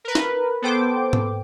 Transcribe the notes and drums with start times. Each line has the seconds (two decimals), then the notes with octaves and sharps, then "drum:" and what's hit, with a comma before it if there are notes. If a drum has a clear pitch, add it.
0.04 A#4 B4
0.15 drum: snare
0.62 B3 A4 C5 G5 D6
1.13 drum: tom G#2